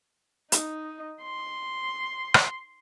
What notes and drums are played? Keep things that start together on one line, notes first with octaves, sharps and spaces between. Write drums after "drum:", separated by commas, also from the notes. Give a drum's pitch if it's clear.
D#4, drum: hi-hat
C6
drum: rim click